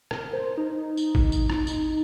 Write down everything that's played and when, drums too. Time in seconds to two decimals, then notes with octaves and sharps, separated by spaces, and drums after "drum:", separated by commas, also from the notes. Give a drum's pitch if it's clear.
0.11 A#4, drum: rim click
0.33 C5
0.57 D#4
0.97 drum: tambourine
1.15 drum: kick A1
1.32 drum: tambourine
1.50 drum: rim click
1.67 drum: tambourine